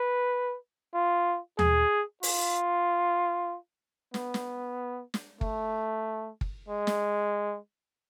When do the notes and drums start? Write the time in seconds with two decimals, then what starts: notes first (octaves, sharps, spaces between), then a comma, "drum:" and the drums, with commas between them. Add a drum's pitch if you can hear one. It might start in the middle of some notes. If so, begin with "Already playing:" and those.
Already playing: B4
0.94 F4
1.59 G#4, drum: tom D#2
2.23 F4, drum: open hi-hat
4.14 B3, drum: snare
4.34 drum: snare
5.14 drum: snare
5.41 A3, drum: kick
6.41 drum: kick
6.69 G#3
6.87 drum: snare